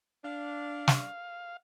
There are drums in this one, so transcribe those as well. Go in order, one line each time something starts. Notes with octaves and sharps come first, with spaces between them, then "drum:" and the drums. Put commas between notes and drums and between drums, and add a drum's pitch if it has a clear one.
D4 F5
drum: snare